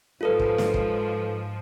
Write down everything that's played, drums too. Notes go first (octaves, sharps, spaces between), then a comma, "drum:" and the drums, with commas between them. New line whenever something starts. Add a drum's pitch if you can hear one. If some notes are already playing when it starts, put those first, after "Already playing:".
G#2 F3 F4 A4 B4
drum: kick
drum: snare
drum: kick